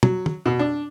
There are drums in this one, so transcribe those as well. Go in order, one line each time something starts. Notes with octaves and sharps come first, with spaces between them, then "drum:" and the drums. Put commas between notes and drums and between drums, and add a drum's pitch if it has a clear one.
F#3, drum: tom
drum: tom
B2
D4